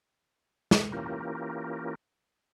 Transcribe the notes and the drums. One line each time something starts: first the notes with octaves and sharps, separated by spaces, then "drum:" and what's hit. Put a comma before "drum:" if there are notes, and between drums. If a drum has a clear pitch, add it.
drum: snare
E3 A#3 C#4 F4 G4 A#4